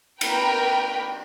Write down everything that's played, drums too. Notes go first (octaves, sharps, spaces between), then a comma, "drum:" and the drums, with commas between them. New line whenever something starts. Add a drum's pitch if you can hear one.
A#4 B4 G5, drum: cymbal